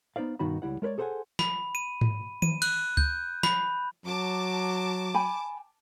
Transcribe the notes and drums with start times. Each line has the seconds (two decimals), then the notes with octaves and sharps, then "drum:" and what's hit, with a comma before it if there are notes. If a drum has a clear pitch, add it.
0.16 B3 D#4 C5 D5 F5
0.39 G2 B2 D#3 D#4 F#4 B5
0.62 C#2 G3 E4 F#5
0.82 G#3 A#4 B4 C#5 D5
0.98 G#4 A4 C5 C#5 F#5 G#5
1.39 B5, drum: snare
1.75 D#7
2.01 drum: tom G#2
2.42 D#7, drum: tom D#3
2.62 F#6, drum: cymbal
2.97 G6, drum: kick C#2
3.43 B5, drum: snare
4.06 F#3 A5 D6
5.14 G5 G#5 B5